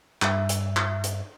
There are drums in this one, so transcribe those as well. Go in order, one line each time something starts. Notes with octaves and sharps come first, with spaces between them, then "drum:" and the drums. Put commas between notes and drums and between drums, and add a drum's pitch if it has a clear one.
G2 E5, drum: clap
drum: hi-hat
drum: clap
drum: hi-hat